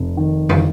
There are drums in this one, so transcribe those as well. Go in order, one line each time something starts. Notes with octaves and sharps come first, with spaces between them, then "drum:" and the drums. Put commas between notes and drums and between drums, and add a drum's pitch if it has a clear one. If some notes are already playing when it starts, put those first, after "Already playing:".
Already playing: F1
D#3
drum: tom